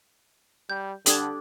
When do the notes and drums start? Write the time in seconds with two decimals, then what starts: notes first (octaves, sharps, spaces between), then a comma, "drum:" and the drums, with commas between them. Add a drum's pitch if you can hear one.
0.70 G3 G6
1.06 D3 D4 G4 A4 D#6 G#6, drum: hi-hat